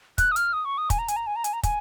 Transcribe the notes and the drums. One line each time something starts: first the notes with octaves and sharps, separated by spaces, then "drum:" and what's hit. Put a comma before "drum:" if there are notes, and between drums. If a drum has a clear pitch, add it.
F#6, drum: kick, hi-hat
D#6
F6, drum: hi-hat
D#6
C#6
D#6
G#5, drum: kick, hi-hat
A#5
G#5, drum: hi-hat
A#5
G#5
A#5
G#5, drum: hi-hat
A#5
G#5, drum: kick, hi-hat